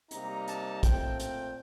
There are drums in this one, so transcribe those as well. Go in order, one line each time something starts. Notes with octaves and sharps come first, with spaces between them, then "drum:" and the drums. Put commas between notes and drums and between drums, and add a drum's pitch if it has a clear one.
C3 G3 A#3 D#4 A#5, drum: hi-hat
A5, drum: hi-hat
A#2 A3 C4 G5, drum: kick, hi-hat
G5, drum: hi-hat